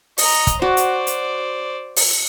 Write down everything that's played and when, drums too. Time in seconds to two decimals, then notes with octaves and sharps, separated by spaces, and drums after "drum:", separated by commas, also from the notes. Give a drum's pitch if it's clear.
0.18 D#5 A#5, drum: open hi-hat
0.47 drum: kick, hi-hat
0.62 F#4 C5 D5
0.77 drum: hi-hat
1.07 drum: hi-hat
1.96 drum: open hi-hat